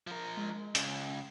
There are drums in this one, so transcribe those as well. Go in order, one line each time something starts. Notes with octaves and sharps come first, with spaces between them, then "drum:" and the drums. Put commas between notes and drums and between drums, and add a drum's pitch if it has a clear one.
F3 A#4
G#3
C#2 C#4, drum: hi-hat